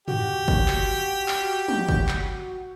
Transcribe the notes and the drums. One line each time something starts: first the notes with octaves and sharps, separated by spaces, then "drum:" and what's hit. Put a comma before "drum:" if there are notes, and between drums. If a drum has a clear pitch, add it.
F#4 G4, drum: tom
drum: kick
drum: clap
drum: clap
drum: tom
drum: kick
drum: clap